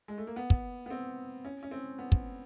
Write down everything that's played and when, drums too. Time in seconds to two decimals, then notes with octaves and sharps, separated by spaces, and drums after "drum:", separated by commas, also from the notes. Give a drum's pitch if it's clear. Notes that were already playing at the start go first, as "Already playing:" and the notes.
0.08 G#3
0.18 A3
0.27 A#3
0.36 B3
0.50 drum: kick
0.86 B3
0.90 C4
1.45 C#4
1.63 C#4
1.71 C4
1.98 B3
2.12 drum: kick